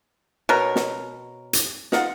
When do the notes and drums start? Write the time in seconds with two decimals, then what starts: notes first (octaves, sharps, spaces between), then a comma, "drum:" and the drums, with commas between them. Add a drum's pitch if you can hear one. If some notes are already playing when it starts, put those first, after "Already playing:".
0.49 B2 A#4 C#5
0.76 drum: snare
1.53 drum: hi-hat
1.92 D#4 F4 F#5, drum: snare